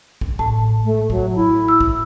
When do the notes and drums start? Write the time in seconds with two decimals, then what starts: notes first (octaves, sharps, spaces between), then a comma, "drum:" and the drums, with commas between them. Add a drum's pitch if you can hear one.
0.21 drum: kick
0.39 A2 A5, drum: kick
0.85 A3
1.10 F#3, drum: kick
1.36 E4
1.68 E6
1.81 drum: kick